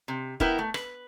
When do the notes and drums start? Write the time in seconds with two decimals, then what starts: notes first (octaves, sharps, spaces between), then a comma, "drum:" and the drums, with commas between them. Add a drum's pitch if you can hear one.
0.08 C3
0.40 B3 E4 A#4 B4 G5, drum: kick
0.59 A3
0.74 B4, drum: rim click